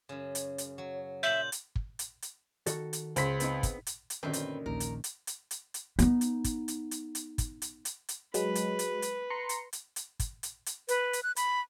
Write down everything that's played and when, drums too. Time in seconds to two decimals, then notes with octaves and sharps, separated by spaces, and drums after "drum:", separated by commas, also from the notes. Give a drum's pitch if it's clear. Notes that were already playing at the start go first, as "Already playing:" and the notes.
0.09 F#2 C#3
0.35 drum: hi-hat
0.58 drum: hi-hat
0.78 F#3
1.23 A#2 F4 E5 G6 F#7
1.52 drum: hi-hat
1.76 drum: kick
1.99 drum: hi-hat
2.22 drum: hi-hat
2.66 D#3 F#4 A4, drum: hi-hat
2.93 drum: hi-hat
3.16 C#2 C5 B6, drum: hi-hat
3.40 B3 C4 D#4, drum: hi-hat
3.63 drum: kick, hi-hat
3.87 drum: hi-hat
4.10 drum: hi-hat
4.23 F#2 A#2 D3 D#3 C4 D#4 B4
4.33 drum: hi-hat
4.66 A#1 D#2 A#4
4.80 drum: hi-hat
5.04 drum: hi-hat
5.27 drum: hi-hat
5.51 drum: hi-hat
5.74 drum: hi-hat
5.99 B3 D#4, drum: hi-hat
6.21 drum: hi-hat
6.44 drum: kick, hi-hat
6.68 drum: hi-hat
6.91 drum: hi-hat
7.15 drum: hi-hat
7.38 drum: kick, hi-hat
7.62 drum: hi-hat
7.85 drum: hi-hat
8.09 drum: hi-hat
8.34 F#3 G#3 B4, drum: hi-hat
8.55 drum: hi-hat
8.79 drum: hi-hat
9.02 drum: hi-hat
9.30 A#5 C6 C#7
9.49 drum: hi-hat
9.73 drum: hi-hat
9.96 drum: hi-hat
10.20 drum: kick, hi-hat
10.43 drum: hi-hat
10.66 drum: hi-hat
10.88 B4, drum: hi-hat
11.13 drum: hi-hat
11.23 F#6
11.36 B5, drum: hi-hat